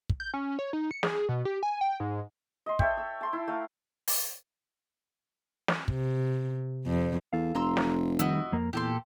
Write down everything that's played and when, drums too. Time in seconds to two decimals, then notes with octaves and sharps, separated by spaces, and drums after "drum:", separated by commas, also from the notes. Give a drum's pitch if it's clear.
0.10 drum: kick
0.20 G6
0.34 C#4
0.59 C#5
0.73 D#4
0.91 C#7
1.03 G#4, drum: snare
1.29 B2
1.45 G4
1.63 G#5
1.81 G5
2.00 G#2
2.66 D#5 C6
2.79 A4 C#5 E5 G5, drum: kick
2.97 E6
3.21 A5 C6
3.33 E4
3.48 A3 F5 A#5
4.08 drum: open hi-hat
5.68 drum: snare
5.88 C3, drum: kick
6.87 F2
7.33 E2 A4 F5
7.55 F1 A#5 C6 E6
7.77 drum: snare
8.19 D#3 G3 E4 F#4 D#5, drum: hi-hat
8.52 F2 A#3 A#4
8.73 E2 A#2 G4 A4 C6